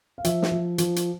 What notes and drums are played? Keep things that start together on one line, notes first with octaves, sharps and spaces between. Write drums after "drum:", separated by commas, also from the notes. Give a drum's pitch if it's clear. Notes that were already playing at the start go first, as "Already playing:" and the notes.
F5
F3 E5, drum: hi-hat
drum: snare
F3
F3, drum: hi-hat
drum: hi-hat